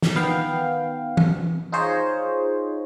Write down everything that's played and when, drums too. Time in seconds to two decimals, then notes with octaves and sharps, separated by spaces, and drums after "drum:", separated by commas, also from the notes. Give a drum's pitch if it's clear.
0.02 drum: snare
0.15 D#3 B3 F5 G5
1.17 drum: tom E3
1.72 D#4 F4 G#4 C5 C#5 D#5